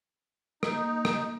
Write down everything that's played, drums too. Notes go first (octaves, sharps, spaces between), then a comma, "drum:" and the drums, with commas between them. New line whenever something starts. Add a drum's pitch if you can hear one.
A#3 D#4, drum: rim click
drum: rim click